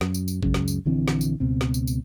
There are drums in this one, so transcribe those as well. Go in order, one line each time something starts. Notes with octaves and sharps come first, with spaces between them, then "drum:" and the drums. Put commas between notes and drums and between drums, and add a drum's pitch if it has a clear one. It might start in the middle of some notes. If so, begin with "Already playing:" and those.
F#2, drum: snare
drum: tambourine
drum: tambourine
C#2 F#2 C#3, drum: kick A1
drum: snare
drum: tambourine
A#1 D3 E3 C4
drum: snare
drum: tambourine
C#2 B2 C4
drum: snare
drum: tambourine
drum: tambourine